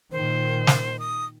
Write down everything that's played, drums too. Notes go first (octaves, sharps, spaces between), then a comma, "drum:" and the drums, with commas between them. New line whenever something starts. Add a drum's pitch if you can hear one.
A#2 D#3 C5
drum: snare
D#6